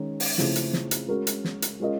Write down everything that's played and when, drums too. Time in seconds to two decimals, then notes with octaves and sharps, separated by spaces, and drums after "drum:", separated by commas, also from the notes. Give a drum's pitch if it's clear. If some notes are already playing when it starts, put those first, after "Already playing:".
Already playing: D#3 G#3 C#4
0.20 drum: open hi-hat
0.38 C#3 F3 A3 C4 E4, drum: snare
0.55 drum: hi-hat
0.73 drum: snare
0.91 drum: hi-hat
1.08 G#3 C#4 F#4 A#4
1.27 drum: hi-hat
1.45 drum: snare
1.62 drum: hi-hat
1.80 G#3 C#4 F4 A#4 D#5